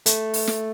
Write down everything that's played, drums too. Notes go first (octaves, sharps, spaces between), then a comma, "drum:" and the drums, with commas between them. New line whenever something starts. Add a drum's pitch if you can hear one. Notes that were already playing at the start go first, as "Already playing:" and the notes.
A3, drum: hi-hat
drum: open hi-hat
drum: snare